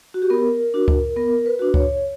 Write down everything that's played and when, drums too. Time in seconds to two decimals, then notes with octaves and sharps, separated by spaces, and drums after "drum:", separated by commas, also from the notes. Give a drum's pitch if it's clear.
0.14 F#4
0.22 G4
0.30 B3 A#4
0.74 D4 F#4
0.88 drum: kick C#2
1.16 B3 A#4
1.46 B4
1.59 D4 F#4
1.74 C#5, drum: kick C#2